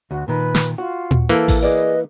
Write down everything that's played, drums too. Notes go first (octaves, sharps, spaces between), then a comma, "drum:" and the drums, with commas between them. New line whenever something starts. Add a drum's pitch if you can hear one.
D2 F#4
A#2 D#3 B4
drum: snare
F4 F#4
drum: tom
E3 A#3 A4
drum: kick A1, open hi-hat
G#4 B4 D5 D#5